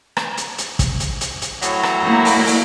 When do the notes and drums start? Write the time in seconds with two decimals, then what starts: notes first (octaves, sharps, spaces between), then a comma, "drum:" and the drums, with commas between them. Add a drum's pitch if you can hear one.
0.17 drum: rim click
0.37 drum: hi-hat
0.58 drum: hi-hat
0.79 drum: kick, hi-hat
1.00 drum: hi-hat
1.21 drum: hi-hat
1.42 drum: hi-hat
1.62 A2 F#3, drum: hi-hat
1.83 drum: rim click
2.04 A#3 E4
2.25 drum: open hi-hat
2.46 drum: open hi-hat